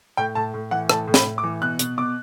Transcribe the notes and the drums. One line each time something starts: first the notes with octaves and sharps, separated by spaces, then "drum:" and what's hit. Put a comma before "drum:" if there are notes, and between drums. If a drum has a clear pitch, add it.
A2 G5
A2 A5
A2
E3 F#5
A2 A5, drum: rim click
A2
B5, drum: snare
A2
D6
E3
B2 F#6
B2, drum: hi-hat
B2 D6